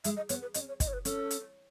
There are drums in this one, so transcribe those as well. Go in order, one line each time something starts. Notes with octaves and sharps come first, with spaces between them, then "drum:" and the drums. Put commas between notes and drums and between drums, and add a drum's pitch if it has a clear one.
G#3 E5, drum: hi-hat
D#5
B3 C#5, drum: hi-hat
B4
C#4 D#5, drum: hi-hat
C#5
D#4 D#5, drum: kick, hi-hat
C#5
B4
C#4 A4, drum: hi-hat
drum: hi-hat